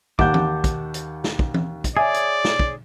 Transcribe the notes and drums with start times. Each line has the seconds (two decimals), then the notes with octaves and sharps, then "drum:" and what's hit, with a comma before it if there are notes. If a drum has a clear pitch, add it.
0.19 D#2 F#5 A5 D6 G6, drum: kick
0.34 drum: tom E3
0.64 drum: kick, hi-hat
0.94 drum: hi-hat
1.24 drum: snare
1.39 drum: kick
1.54 drum: tom E3
1.84 drum: kick, hi-hat
1.97 G#4 C#5 D5 E5 G#5
2.14 drum: hi-hat
2.44 drum: snare
2.60 drum: kick